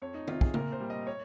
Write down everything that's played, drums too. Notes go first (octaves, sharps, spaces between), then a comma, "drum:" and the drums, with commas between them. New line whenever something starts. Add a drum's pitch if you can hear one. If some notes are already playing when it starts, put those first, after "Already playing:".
F2 C#5
D#4
C3 F4, drum: tom D#3
G#4, drum: kick
A#2 A#4, drum: tom C#3
C5
G3
D#5
C#5